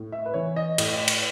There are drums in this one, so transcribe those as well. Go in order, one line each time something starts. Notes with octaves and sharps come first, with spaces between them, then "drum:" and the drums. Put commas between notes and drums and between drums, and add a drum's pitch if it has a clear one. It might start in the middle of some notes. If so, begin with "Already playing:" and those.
Already playing: A2
E5
B4
E3 C#5
D#5
A2 D#5, drum: cymbal
drum: cymbal